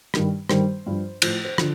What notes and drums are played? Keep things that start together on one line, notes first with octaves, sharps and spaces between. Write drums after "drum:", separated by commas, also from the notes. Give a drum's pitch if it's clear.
G2 D#3 G3, drum: rim click
G2 D#3 G3 C5, drum: rim click
G2 F3
A2 F3 C5, drum: cymbal
C5
D3 F3, drum: rim click